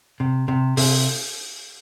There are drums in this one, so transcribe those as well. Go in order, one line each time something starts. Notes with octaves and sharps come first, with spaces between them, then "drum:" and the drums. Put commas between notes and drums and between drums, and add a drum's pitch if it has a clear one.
C3
C3
C3, drum: open hi-hat